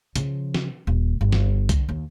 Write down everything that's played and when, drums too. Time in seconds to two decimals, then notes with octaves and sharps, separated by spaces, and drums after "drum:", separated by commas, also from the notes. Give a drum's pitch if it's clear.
0.16 C#3 F3, drum: hi-hat
0.55 drum: snare
0.87 D#1
1.21 G1
1.32 drum: snare
1.69 D3, drum: kick C2, hi-hat
1.89 D#2